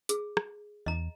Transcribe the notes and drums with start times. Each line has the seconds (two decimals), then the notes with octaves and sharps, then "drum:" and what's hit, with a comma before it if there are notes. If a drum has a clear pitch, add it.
0.09 G#4, drum: hi-hat
0.37 drum: rim click
0.86 E2 D#5 A#5